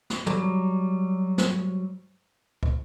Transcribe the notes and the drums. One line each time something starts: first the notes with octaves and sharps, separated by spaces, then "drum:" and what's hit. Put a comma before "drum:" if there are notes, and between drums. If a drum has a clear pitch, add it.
drum: snare
F#3 G3, drum: tom
drum: snare
drum: kick